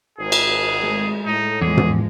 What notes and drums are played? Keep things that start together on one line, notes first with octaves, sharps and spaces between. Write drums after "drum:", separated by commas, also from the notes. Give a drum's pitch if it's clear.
G#1 G#4
drum: cymbal
G#3 A3
A2 D#4
E2 F3 G#3 G#4
drum: tom